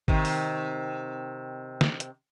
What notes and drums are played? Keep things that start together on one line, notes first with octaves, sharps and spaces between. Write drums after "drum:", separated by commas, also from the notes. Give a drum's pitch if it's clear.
C3 D#3, drum: kick
drum: open hi-hat
drum: snare
drum: hi-hat